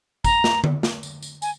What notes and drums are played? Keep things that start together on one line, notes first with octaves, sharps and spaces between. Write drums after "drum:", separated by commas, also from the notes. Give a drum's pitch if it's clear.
A#5, drum: kick, tambourine
drum: snare
drum: tom D3
drum: snare
drum: tambourine
drum: tambourine
G#5, drum: tambourine